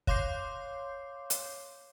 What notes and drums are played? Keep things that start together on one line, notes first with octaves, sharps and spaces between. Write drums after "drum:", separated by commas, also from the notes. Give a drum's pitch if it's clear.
C#5 F5 C6 D6 G6 C7, drum: kick
drum: hi-hat